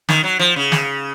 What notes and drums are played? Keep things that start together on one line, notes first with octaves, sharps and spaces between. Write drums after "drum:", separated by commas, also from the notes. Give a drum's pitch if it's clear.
D#3, drum: snare
F#3
F3
C#3
drum: snare